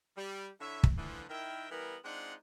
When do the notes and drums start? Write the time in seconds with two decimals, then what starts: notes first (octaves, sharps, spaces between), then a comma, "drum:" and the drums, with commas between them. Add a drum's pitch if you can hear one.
0.16 G3
0.61 D3 E4 C#5 E5
0.83 drum: kick
0.97 D3 E3 F3
1.30 D#3 E4 A#4 E5 G5
1.71 E3 G3 B3 A#4
2.04 G#3 C4 D4 D#4 F4 F#5